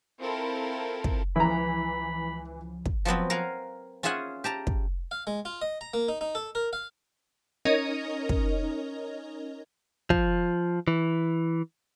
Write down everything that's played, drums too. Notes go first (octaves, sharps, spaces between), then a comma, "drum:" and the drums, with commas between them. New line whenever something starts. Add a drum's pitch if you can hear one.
C4 E4 F4 A4 A#4
drum: kick
C#2 E3 F3 E4 A#5 B5
drum: kick
F3 F#3 B3 C4
A#4 F5 F#5 G#5
C#4 F4 G#4 E5 F#5 G#5
G4 A5 A#5
drum: kick
F5
G#3
F4
D#5
A#5
A#3
D#4
D#4
A4
A#4
F5
C#4 D#4 A#4 C#5 D#5
drum: kick
F3, drum: kick
E3